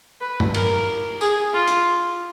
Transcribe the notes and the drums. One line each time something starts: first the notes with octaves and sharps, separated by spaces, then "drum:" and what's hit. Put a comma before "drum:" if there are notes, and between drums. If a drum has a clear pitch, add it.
B4
drum: tom
A#4, drum: cymbal
G#4, drum: tambourine
F4
drum: hi-hat